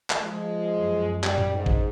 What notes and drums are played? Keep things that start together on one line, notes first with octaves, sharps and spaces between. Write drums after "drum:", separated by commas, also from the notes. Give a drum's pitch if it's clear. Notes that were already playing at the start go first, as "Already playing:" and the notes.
drum: clap
F3 G#3
F#2
G3, drum: clap
drum: tom A2
G#2
drum: kick